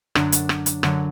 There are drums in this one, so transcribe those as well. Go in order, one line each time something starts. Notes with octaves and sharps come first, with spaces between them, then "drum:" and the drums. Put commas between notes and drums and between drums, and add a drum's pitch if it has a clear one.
F#2 D3 F#3 D4, drum: rim click
drum: hi-hat
drum: rim click
drum: hi-hat
F#2 D3 F#3, drum: rim click